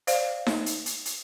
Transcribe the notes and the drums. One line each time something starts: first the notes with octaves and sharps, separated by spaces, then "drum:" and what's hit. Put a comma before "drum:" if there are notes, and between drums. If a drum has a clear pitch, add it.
C5 D5 F5, drum: hi-hat
drum: snare D#4
drum: hi-hat
drum: hi-hat
drum: hi-hat